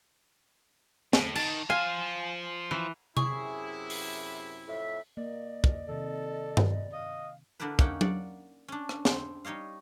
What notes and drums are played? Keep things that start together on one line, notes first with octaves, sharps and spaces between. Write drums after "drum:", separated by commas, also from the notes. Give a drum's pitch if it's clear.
A2, drum: snare
D#3 A5, drum: cymbal
F4 C5 F5 G#5
E3
F#2 C3 E4 G#4 C#6, drum: tom C3
drum: open hi-hat
F2 A2 E5
A#3 D5 D#5
drum: kick
C3 D#3 A4
drum: tom G2
D#5 F5
D3 D4 E4 A#4 B4
A#3 C#4 D#4 F#5 G5, drum: kick
D5 F#5, drum: tom F#3
C#4 D4
drum: rim click
C4, drum: snare
G3 D#4 C#5 D#5 F5